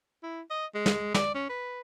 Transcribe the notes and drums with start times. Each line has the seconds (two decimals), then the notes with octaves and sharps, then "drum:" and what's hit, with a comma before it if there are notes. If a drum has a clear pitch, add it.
0.23 E4
0.50 D#5
0.74 G#3
0.86 drum: snare
1.14 D5, drum: snare
1.34 C#4
1.49 B4